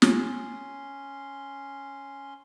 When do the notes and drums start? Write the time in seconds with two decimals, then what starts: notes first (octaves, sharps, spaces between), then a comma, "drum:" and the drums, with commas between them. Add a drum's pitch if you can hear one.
0.02 C#4 C6, drum: snare